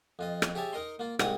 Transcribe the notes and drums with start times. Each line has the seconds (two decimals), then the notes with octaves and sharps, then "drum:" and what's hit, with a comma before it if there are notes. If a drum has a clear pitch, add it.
0.19 F2 F4 D#5
0.42 drum: rim click
0.55 G4 G#4 C#5 E5 A5
0.73 D#4 A#4 D#5 C6
0.99 A#3 F4
1.19 C2 G#2 C4 D#5 D#6, drum: rim click